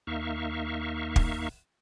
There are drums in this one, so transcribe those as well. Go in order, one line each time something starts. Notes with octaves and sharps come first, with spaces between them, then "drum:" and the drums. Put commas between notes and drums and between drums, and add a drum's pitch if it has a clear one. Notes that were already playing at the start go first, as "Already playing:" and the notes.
D#2 A#3 D#4 E5 F5 C#6
drum: kick